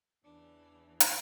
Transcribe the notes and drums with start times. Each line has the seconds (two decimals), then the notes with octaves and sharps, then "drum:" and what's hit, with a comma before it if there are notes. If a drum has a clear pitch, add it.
0.25 E2 C#3 E3 D4
1.00 drum: hi-hat